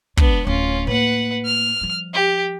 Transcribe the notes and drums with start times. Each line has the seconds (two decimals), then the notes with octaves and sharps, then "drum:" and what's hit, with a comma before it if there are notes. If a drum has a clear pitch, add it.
0.17 G#3 B3 D4, drum: kick
0.47 D1 C#4 F4
0.87 A2 A#3 B4 F#5
1.45 F6
1.81 F3 G3
2.14 G4